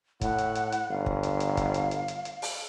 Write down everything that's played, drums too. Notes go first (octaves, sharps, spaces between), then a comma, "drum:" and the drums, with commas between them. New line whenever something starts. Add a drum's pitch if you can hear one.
A2 F#5, drum: kick, hi-hat
drum: hi-hat
drum: hi-hat
drum: hi-hat
G1 F5
drum: kick
drum: hi-hat
drum: hi-hat
drum: kick, hi-hat
drum: hi-hat
drum: hi-hat
drum: hi-hat
drum: hi-hat
drum: open hi-hat